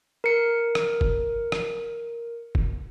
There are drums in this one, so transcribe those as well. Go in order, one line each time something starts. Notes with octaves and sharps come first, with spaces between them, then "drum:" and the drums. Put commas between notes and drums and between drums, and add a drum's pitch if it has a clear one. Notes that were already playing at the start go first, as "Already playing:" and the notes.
A#4 C#7
drum: rim click
drum: kick F#1
drum: rim click
drum: kick F#1